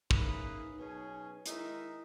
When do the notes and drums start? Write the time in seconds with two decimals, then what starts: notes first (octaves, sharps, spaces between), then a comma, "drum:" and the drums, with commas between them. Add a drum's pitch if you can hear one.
0.11 A#3 C#4 D#4 G#4 B4 E5, drum: kick
0.78 B2 F#3 C#4 G#4
1.46 D#3 G#3 D#4 E4 A#4 E5, drum: hi-hat